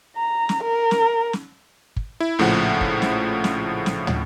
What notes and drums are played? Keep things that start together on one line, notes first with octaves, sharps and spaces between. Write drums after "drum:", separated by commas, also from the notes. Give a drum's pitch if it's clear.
A#5
drum: snare
A#4
drum: snare
drum: snare
drum: kick
E4
A#1 A2 C#3 F3 F#5
drum: kick
drum: snare
drum: snare
drum: snare
drum: tom